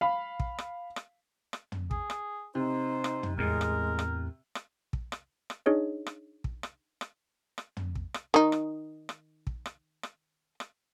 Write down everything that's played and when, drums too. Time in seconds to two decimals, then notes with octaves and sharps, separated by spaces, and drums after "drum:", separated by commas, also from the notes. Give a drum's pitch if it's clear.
0.01 F5 B5
0.40 drum: kick
0.58 drum: rim click
0.96 drum: rim click
1.53 drum: rim click
1.72 drum: tom
1.91 G#4, drum: kick
2.10 drum: rim click
2.55 C3 D#4 C5
3.04 drum: rim click
3.23 drum: tom
3.38 E2 A2 G#3 A#4
3.61 drum: rim click
3.99 drum: rim click
4.55 drum: rim click
4.93 drum: kick
5.12 drum: rim click
5.50 drum: rim click
5.66 D4 D#4 G#4 C#5 D#5
6.06 drum: rim click
6.44 drum: kick
6.63 drum: rim click
7.01 drum: rim click
7.58 drum: rim click
7.77 drum: tom
7.95 drum: kick
8.14 drum: rim click
8.34 D#3 D#4
8.52 drum: rim click
9.09 drum: rim click
9.47 drum: kick
9.66 drum: rim click
10.03 drum: rim click
10.60 drum: rim click